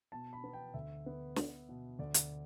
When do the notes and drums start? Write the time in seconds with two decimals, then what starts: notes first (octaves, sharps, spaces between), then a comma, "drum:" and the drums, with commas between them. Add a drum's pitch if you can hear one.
0.12 B2 A5
0.33 B5
0.44 B3
0.53 G5
0.74 D2 E5
1.06 B3
1.36 B3, drum: snare
1.69 B2
1.99 D2 D5
2.14 drum: hi-hat